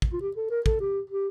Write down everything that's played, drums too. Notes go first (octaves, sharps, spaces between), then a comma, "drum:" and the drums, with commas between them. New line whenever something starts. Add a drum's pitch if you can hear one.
drum: kick
F4
G4
A4
A#4
A4, drum: kick
G4
G4